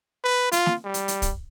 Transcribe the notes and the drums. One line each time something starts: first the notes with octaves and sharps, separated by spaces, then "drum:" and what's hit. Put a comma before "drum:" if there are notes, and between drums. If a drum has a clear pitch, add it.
B4
F4, drum: hi-hat
drum: snare
G3
drum: hi-hat
drum: hi-hat
drum: kick, hi-hat